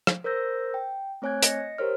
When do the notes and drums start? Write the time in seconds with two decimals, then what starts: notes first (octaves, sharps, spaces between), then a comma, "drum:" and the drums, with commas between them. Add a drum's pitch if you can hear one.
0.07 drum: rim click
0.24 A#4 C5 E6 G6 A#6
0.74 G5
1.22 A3 C4 C#5 G#5 F#6 G#6
1.43 D#5 A#6 C#7, drum: hi-hat
1.78 G4 A#4 C5 C#5 F6